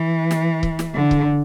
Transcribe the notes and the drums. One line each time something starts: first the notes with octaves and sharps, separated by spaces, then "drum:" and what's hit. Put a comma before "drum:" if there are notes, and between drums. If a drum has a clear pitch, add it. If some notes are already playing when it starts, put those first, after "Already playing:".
Already playing: E3
drum: snare
drum: kick C#1
drum: snare
D3
drum: kick C#1